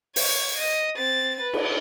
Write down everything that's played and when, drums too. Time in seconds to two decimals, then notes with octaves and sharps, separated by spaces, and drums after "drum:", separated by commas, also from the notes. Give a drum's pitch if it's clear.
0.16 C#5 G#6, drum: open hi-hat
0.57 D#5
0.97 C4 A6
1.41 B4
1.53 drum: cymbal